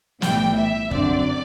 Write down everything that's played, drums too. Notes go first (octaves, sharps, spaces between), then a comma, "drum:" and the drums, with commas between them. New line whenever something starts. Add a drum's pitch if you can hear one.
B1 A2 E3 G3 G5, drum: snare
E5
F#2 D3 F#3 C4 D5, drum: kick